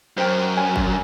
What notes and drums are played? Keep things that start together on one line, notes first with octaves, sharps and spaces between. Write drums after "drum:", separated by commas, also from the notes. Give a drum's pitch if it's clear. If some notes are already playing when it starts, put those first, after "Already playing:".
F#2 C5 G5
C#5 G#5
drum: kick G1